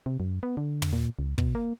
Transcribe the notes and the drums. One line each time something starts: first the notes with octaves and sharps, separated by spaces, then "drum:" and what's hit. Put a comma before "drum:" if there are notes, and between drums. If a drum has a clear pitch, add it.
C3
F#2
B3
D3
drum: tom
A#2
C#2
B2, drum: kick
A#3